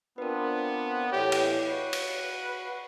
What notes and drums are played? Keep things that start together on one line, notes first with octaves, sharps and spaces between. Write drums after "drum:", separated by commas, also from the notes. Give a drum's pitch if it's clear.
B3 C4 D4 F4 A#4 B4
A2 E3 A3 G4 C#5 E5
drum: cymbal
F#4 B4
drum: cymbal